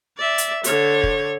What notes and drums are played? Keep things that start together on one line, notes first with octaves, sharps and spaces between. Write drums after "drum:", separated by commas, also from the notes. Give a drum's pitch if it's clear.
D5 E5
drum: hi-hat
D3 C#5, drum: hi-hat
drum: kick